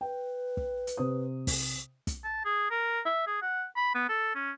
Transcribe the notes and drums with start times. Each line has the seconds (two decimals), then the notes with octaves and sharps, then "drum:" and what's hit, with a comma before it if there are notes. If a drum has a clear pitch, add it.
0.01 B4 G5
0.57 drum: kick
0.87 drum: hi-hat
0.97 C3 C5 D#6
1.47 drum: kick, open hi-hat
2.07 drum: kick, hi-hat
2.24 A5
2.45 G#4
2.71 A#4
3.06 E5
3.27 G#4
3.42 F#5
3.76 B5
3.95 B3
4.09 A4
4.35 C#4